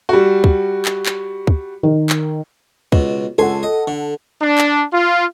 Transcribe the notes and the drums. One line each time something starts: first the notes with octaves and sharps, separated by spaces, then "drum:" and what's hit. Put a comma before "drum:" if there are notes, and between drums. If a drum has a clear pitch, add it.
G3 F#4
drum: kick
drum: clap
drum: clap
drum: kick
D#3
drum: clap
C#2 B2, drum: kick
C#2 A4 F#5 G#5 C6
D#5
D3
D4
drum: clap
F4